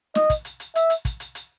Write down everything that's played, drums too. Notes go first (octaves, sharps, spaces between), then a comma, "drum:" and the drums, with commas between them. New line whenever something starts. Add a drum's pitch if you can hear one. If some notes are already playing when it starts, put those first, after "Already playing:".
D#5, drum: snare
drum: kick, hi-hat
drum: hi-hat
drum: hi-hat
E5, drum: hi-hat
drum: hi-hat
drum: kick, hi-hat
drum: hi-hat
drum: hi-hat